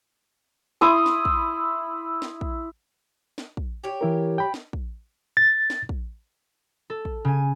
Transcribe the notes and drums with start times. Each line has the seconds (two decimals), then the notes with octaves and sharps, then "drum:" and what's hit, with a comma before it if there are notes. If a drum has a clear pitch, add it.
0.81 E4 C6 D#6
1.06 drum: snare
1.25 drum: kick
2.22 drum: snare
2.41 drum: kick
3.38 drum: snare
3.57 drum: kick
3.84 G4 C#5
4.01 E3 E4 A#4
4.38 G5 B5
4.54 drum: snare
4.73 drum: kick
5.37 A6
5.70 drum: snare
5.89 drum: kick
6.90 A4
7.05 drum: kick
7.25 C#3 G#5